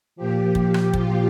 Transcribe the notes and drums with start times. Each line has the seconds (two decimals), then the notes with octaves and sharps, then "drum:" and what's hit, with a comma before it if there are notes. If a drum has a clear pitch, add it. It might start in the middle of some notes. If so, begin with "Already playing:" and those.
0.16 A#2 F3 G4
0.55 drum: kick
0.74 drum: rim click
0.94 F4, drum: kick